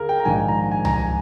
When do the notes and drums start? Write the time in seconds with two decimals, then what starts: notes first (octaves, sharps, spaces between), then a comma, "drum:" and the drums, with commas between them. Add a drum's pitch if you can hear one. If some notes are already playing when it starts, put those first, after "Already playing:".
Already playing: D#2 D3 G#4 A#4
0.09 G5
0.20 A#5
0.25 A#1 G#2 D#3 G#5
0.48 A#5
0.71 G#5
0.85 A#5, drum: tom C2
0.94 G#5